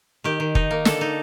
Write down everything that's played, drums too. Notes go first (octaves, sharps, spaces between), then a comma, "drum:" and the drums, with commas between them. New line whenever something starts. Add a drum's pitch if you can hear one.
D#3 G4
D#3
D#4, drum: kick
A#3
D3 A4, drum: snare
D#4